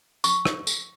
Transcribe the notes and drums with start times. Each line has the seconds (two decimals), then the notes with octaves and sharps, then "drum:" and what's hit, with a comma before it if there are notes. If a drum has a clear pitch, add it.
0.24 C#6, drum: tambourine
0.45 drum: rim click
0.67 drum: tambourine